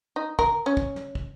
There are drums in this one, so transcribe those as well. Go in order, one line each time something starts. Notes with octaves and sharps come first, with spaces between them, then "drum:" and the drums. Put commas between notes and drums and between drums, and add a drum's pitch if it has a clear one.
D#4
A#4, drum: kick
C#4
drum: kick
drum: snare
drum: kick